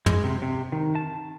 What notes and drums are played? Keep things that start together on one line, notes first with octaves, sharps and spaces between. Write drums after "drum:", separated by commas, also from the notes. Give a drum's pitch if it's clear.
G#3, drum: tom
C3
C3
D#3
A5